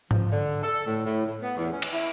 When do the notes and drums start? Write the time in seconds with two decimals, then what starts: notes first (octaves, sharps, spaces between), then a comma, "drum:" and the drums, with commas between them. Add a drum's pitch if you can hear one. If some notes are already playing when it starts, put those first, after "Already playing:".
0.11 F3, drum: tom G#2
0.30 D3
0.63 A4
0.86 A2
1.05 A2
1.25 A2
1.42 B3
1.57 E2
1.72 C#4
1.82 drum: cymbal
1.92 E4